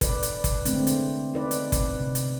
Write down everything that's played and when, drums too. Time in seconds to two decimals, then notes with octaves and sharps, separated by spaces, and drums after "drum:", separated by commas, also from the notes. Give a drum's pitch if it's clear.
0.01 B4 D5, drum: kick, hi-hat
0.23 drum: hi-hat
0.44 drum: kick, hi-hat
0.65 D3 G#3 A3 C4, drum: hi-hat
0.87 drum: hi-hat
1.34 D#4 B4 D5
1.51 drum: hi-hat
1.72 drum: kick, hi-hat
1.97 C3
2.15 drum: hi-hat